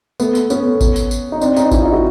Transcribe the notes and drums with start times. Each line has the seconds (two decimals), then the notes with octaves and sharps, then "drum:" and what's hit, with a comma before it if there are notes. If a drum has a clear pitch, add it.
0.20 A3 B3, drum: tambourine
0.35 drum: tambourine
0.50 B3 C#4, drum: tambourine
0.81 drum: kick G#1, tambourine
0.96 drum: tambourine
1.11 drum: tambourine
1.32 D#4
1.41 C4 D4, drum: tambourine
1.56 C#4 D#4, drum: tambourine
1.71 D4 E4, drum: kick G#1, tambourine
1.82 D#4 F4
1.92 E4 F#4